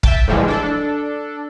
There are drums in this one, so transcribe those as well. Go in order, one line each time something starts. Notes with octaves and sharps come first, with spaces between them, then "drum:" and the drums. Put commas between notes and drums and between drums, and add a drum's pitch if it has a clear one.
E5 G5 A5, drum: kick
A2 C#3 E3 F3 G3 G#3
D4 A4